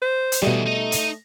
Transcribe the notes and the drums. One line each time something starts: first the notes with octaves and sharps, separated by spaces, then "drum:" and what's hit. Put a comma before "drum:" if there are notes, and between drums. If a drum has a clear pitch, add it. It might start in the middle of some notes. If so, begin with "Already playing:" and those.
C5
drum: hi-hat
B2 E3 G3 A3 D#4
D#4 D#5
drum: hi-hat